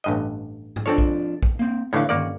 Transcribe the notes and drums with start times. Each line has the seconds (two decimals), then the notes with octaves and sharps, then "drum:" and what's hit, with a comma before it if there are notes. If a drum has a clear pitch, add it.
0.04 A1 G2 D#5
0.76 drum: tom G#2
0.86 F2 F3 C4 D4 A4 C#5
0.98 drum: kick
1.43 drum: kick
1.59 A#3 C4
1.93 A2 D3 E3 C#5 F5
2.09 G1 D#3 A#3 C#4 D5